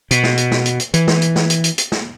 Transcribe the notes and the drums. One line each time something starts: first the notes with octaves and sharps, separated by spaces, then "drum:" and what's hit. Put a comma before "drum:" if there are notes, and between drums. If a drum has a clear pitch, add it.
B2, drum: hi-hat
drum: snare
drum: hi-hat
drum: snare
drum: hi-hat
drum: hi-hat
E3, drum: hi-hat
drum: snare
drum: hi-hat
drum: snare
drum: hi-hat
drum: hi-hat
drum: hi-hat
drum: snare